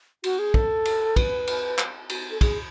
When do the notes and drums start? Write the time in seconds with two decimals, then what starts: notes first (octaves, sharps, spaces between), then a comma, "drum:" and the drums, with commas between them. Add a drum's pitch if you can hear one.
0.24 F#4, drum: cymbal
0.39 G#4
0.54 A4, drum: kick
0.85 drum: cymbal
1.16 B4, drum: kick, cymbal
1.47 drum: cymbal
1.78 drum: clap
2.09 drum: cymbal
2.31 A4
2.41 G#4, drum: kick, cymbal